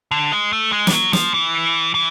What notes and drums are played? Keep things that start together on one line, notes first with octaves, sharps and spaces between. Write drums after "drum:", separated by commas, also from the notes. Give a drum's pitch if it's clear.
D3
G#3
A3
G#3
G3, drum: snare
F#3
F3, drum: snare
E3
E3